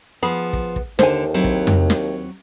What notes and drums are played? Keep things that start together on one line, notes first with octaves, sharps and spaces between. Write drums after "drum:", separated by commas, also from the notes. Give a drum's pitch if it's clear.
F3 B3 G#4 B5
drum: kick
drum: kick
D#2 D3 C5 G#5, drum: snare
F#3 C4 E4
drum: kick
drum: tom F2
drum: snare